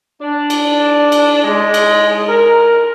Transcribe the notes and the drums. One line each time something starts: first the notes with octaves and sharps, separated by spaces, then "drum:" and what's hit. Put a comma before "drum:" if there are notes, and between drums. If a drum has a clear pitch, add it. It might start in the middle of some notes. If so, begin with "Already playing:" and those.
D4
drum: cymbal
drum: cymbal
G#3
drum: cymbal
A#4